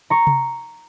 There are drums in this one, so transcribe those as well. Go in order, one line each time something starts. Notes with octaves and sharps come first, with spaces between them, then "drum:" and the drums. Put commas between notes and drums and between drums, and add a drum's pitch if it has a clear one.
A#5 C#6
drum: tom C3